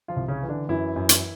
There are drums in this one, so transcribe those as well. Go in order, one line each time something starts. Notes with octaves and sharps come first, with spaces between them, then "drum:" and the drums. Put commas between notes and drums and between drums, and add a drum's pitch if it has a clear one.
F3 F4
C2
C#3 C#4
E3
D3 D4
F#2 E3 E4
F#2
drum: hi-hat